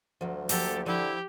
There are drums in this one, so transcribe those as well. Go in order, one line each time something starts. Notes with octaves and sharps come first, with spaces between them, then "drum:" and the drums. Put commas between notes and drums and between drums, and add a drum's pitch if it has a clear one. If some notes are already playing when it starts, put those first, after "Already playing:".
D2 F3 F#3
F3 F#3 A#3 G4 A4, drum: open hi-hat
D3 F3 E4 G4